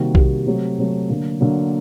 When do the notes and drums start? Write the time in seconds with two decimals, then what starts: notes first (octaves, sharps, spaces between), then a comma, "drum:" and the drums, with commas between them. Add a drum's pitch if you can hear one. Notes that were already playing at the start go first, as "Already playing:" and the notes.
Already playing: C3 D#3 G3 A#3 F#4
0.15 C3 D#3 G3 A#3 F#4, drum: kick B1
0.46 C3 F#3 A3
0.78 C3 F#3 A3
1.09 D3 F#3 A#3
1.41 D3 F#3 A#3